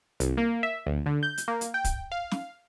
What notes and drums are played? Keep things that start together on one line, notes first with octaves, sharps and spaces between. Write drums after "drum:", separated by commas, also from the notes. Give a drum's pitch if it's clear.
C2, drum: hi-hat
A#3
E5
D2
D3
G6
drum: hi-hat
A#3
drum: hi-hat
G5
drum: kick, hi-hat
F5
drum: snare